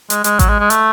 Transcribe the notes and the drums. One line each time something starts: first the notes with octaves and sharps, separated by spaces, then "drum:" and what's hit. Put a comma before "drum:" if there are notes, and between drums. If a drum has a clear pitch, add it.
G#3, drum: hi-hat
G#3, drum: hi-hat
F#3, drum: kick A1, hi-hat
G#3
G#3
A3, drum: hi-hat